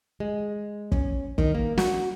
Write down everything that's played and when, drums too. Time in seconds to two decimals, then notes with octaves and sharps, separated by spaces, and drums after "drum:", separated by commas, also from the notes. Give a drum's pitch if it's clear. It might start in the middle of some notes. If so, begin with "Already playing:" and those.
0.20 G#3
0.92 C#4, drum: kick
1.38 D#3, drum: kick
1.55 A#3
1.78 F#4, drum: snare